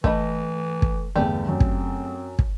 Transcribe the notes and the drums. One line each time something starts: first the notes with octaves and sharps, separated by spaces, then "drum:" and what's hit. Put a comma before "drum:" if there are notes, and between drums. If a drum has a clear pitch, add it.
E3 A3 D#5 B5, drum: kick
drum: kick
G1 E2 G2 A3 G4 D5
F#2 C4
drum: kick
drum: kick